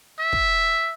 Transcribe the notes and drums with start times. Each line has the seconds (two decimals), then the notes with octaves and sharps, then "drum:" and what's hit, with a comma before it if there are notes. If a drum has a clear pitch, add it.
0.19 E5
0.33 drum: kick